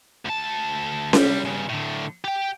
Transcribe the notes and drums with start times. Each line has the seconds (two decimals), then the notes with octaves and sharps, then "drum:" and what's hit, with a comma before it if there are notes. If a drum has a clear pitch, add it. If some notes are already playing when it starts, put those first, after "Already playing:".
0.25 D2 A5
1.13 C2 G3, drum: snare C#4
1.45 G2 C#3
1.69 A2 D3
2.25 G4 G5